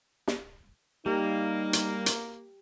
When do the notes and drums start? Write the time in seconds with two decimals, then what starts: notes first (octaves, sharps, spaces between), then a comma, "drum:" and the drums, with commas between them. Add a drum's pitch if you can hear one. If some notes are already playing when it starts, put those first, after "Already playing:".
0.28 drum: snare
1.06 G3 A#3 D#4 G4
1.73 drum: hi-hat
2.06 drum: hi-hat